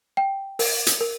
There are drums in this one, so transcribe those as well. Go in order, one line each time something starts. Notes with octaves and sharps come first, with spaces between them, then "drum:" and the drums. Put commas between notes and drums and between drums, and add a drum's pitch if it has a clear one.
G5
A#4, drum: open hi-hat
drum: hi-hat
A#4